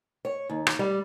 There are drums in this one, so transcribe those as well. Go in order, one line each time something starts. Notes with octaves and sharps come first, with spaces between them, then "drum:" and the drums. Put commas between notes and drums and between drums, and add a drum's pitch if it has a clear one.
C#5
D#2
drum: rim click
G3